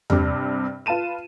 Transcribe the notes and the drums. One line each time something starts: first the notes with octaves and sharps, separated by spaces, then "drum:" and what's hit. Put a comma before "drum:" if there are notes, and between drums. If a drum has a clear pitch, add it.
G2 C3, drum: tom E2
F4 B4 A5 D#7 E7